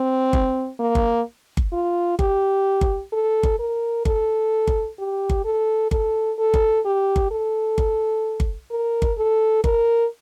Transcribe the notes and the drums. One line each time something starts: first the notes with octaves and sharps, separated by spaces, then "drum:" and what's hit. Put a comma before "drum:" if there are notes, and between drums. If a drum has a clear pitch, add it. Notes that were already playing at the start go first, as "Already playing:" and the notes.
Already playing: C4
drum: kick G1
A#3
drum: kick G1
drum: kick G1
F4
G4, drum: kick G1
drum: kick G1
A4
drum: kick G1
A#4
A4, drum: kick G1
drum: kick G1
G4
drum: kick G1
A4
A4, drum: kick G1
A4
drum: kick G1
G4
drum: kick G1
A4
drum: kick G1
drum: kick G1
A#4
drum: kick G1
A4
A#4, drum: kick G1